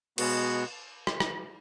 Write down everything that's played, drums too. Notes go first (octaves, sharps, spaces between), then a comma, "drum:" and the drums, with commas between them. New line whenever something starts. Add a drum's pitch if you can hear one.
B2 G#3 B3 F#4, drum: cymbal
drum: rim click
drum: rim click